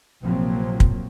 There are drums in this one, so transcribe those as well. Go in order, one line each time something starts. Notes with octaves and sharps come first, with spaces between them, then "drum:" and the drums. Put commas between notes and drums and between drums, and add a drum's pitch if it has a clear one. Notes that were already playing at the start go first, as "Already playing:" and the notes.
A#1 C3 F3 F#3 A#3 C4
drum: kick